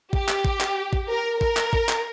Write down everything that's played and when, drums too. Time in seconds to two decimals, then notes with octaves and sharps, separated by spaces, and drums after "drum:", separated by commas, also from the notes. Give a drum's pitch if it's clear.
0.13 G4, drum: kick
0.29 drum: clap
0.45 drum: kick
0.61 drum: clap
0.93 drum: kick
1.09 A#4
1.41 A#4, drum: kick
1.57 drum: clap
1.73 drum: kick
1.89 drum: clap